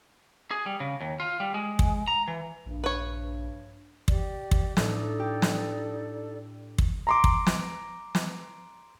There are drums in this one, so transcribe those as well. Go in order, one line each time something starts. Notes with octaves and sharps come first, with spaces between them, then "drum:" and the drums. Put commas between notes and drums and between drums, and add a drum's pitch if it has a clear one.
G#4
G3
C#3
D#2
F4
G3
G#3
drum: kick
A#5
E3
A#1 G2
B4 C#5
G4 D5, drum: kick
drum: kick
A2 D4 D#4 A4 D5, drum: snare
G4
drum: snare
drum: kick
A#5 C6 D6
drum: kick
drum: snare
drum: snare